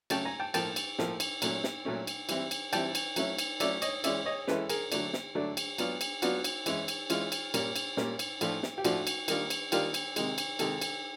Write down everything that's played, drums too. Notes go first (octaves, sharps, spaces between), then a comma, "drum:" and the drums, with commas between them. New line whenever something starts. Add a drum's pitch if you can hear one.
C#3 F#3 A3 C#4 G5 A5, drum: cymbal
G#5 A#5
G5 A5
A2 F3 A#3 G5 A5, drum: cymbal
drum: cymbal
A2 F3 A#3, drum: snare
drum: cymbal
A#2 F#3 A3 C#4, drum: cymbal
drum: snare
A#2 F#3 A3 C#4
drum: cymbal
E3 G3 C4 E4, drum: cymbal
drum: cymbal
E3 G3 C4 E4 G5 A5, drum: cymbal
drum: cymbal
F#3 A3 C#4 E4, drum: cymbal
drum: cymbal
F#3 A3 C#4 E4 D5 E5, drum: cymbal
C#5 D#5, drum: cymbal
E3 G#3 C#4 E4 D5 E5, drum: cymbal
C#5 D#5
E3 G#3 C#4 E4 A4 B4, drum: snare
G#4 A#4, drum: cymbal
D3 F#3 A3 D4, drum: cymbal
drum: snare
D3 F#3 A3 D4
drum: cymbal
F#3 B3 D4 F4, drum: cymbal
drum: cymbal
F#3 B3 D4 F4 F#4, drum: cymbal
drum: cymbal
E3 G#3 C#4 E4, drum: cymbal
drum: cymbal
E3 G#3 C#4 E4 F4, drum: cymbal
drum: cymbal
A#2 G3 A#3 C#4, drum: cymbal
drum: cymbal
A#2 G3 A#3 C#4, drum: snare
drum: cymbal
A2 F3 A3 D4 F4, drum: cymbal
drum: snare
G4
A2 F3 A3 D4 F4 F#4, drum: cymbal
drum: cymbal
D#3 G3 A#3 D4 F4, drum: cymbal
drum: cymbal
D#3 G3 A#3 D4 F4 G4, drum: cymbal
drum: cymbal
C3 D#3 G#3, drum: cymbal
drum: cymbal
C3 D#3 G#3 G4 A4, drum: cymbal
drum: cymbal